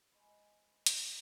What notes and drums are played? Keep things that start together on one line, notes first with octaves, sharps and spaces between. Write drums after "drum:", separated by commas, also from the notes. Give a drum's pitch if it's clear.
G#3 C5 B5
drum: hi-hat